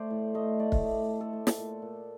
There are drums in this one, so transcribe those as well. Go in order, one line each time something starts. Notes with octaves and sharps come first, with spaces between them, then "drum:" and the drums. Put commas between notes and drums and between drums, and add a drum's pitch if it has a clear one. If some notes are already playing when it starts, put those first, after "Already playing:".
Already playing: A3 C5 D5
A2
A3 D#5
A3 D5
drum: kick
A3
A3
A4
A3
drum: snare
A#2
A#2